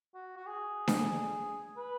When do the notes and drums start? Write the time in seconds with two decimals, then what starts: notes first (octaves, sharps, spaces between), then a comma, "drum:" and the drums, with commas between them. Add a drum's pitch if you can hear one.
0.14 F#4
0.37 F#4
0.47 G#4
0.88 drum: snare D4
1.77 B4